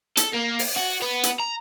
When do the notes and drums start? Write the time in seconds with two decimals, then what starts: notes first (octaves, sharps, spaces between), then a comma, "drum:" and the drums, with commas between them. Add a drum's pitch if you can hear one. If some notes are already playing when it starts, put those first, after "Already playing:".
0.17 A4, drum: hi-hat
0.34 A#3
0.59 drum: open hi-hat
0.77 F#4
1.02 B3 B4
1.23 drum: hi-hat
1.40 A#5